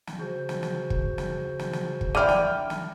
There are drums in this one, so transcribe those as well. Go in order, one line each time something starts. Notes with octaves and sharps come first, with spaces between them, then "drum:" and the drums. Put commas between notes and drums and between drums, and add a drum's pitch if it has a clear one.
drum: snare
C#3 F#4 C5
drum: snare
drum: snare
drum: kick
drum: snare
drum: snare
drum: snare
drum: kick
D3 E4 G5 F6 D#7
drum: snare
drum: snare